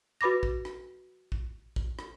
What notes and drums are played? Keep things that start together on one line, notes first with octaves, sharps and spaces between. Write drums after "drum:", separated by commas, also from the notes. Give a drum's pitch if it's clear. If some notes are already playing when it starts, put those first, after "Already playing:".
F#4 B4 B5 D6 A#6
drum: kick
drum: rim click
drum: kick
drum: kick
drum: rim click